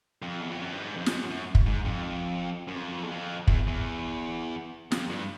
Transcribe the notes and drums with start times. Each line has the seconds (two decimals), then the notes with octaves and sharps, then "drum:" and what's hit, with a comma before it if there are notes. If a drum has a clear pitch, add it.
0.22 F2
0.41 E2
0.51 F2
0.62 F#2
0.72 G2
0.83 G#2
0.97 F2
1.06 F#2, drum: snare
1.31 F#2
1.55 drum: kick
1.67 G#2
1.85 F2
2.68 F#2
2.75 F2
3.03 E2
3.11 F2
3.47 E2, drum: kick
3.67 E2
4.92 F2, drum: snare
5.10 G2